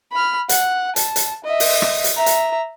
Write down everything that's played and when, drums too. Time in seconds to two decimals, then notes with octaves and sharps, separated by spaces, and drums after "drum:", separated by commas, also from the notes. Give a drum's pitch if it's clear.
0.12 B5 F6
0.49 F#5, drum: hi-hat
0.96 A5, drum: hi-hat
1.16 drum: hi-hat
1.44 D#5 E5
1.60 drum: open hi-hat
1.82 drum: rim click
2.04 drum: hi-hat
2.17 E5 A#5
2.26 drum: hi-hat